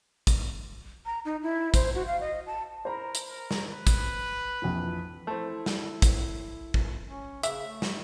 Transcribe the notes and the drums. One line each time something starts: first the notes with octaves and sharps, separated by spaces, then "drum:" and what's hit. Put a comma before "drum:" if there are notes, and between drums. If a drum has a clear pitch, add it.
drum: kick, hi-hat
A#5
D#4
E4
C5, drum: kick, hi-hat
F#4
F5
D#5
A5
A#4 C5 A#5 B5
drum: hi-hat
A#4
drum: snare
B4
drum: kick, hi-hat
A#1 F2 E3
A3 C4 E4
drum: snare
drum: kick, hi-hat
drum: kick
C#4
C#3 E5, drum: hi-hat
A3
drum: snare